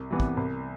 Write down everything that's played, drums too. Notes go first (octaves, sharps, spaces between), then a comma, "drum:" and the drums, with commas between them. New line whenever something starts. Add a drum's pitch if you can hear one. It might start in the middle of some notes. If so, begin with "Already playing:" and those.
Already playing: C2
C3 E3 B3
drum: kick
C2